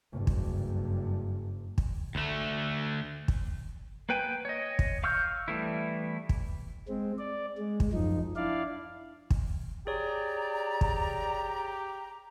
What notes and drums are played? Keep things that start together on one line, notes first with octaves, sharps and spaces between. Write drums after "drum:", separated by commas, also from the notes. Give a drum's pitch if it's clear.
F#1 G2
drum: kick
drum: kick
D2 A3
drum: kick
A#3 B3 B4 G5 G#5
C#5 D#5
drum: kick
F5 C#6 E6 F6 G6
E3 G3 A3 B3 E4
drum: kick
G#3 C4
D5
G#3
drum: kick
F#2 F3 D#4
D4 E4 D5 F5
drum: kick
G4 G#4 C#5 D5 A#5
drum: kick